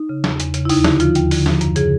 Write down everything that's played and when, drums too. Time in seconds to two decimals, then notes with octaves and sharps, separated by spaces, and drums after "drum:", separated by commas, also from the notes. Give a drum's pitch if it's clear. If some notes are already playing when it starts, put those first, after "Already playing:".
Already playing: D#4
0.09 C#3
0.24 E2, drum: snare
0.40 E2, drum: hi-hat
0.54 C#3, drum: hi-hat
0.65 E4
0.69 D#2 D#4, drum: open hi-hat
0.84 D3 E4, drum: snare
1.00 F3 F4, drum: hi-hat
1.15 D#2, drum: hi-hat
1.31 D3, drum: open hi-hat
1.46 F3, drum: snare
1.61 F#2, drum: hi-hat
1.76 C#3 G#4, drum: hi-hat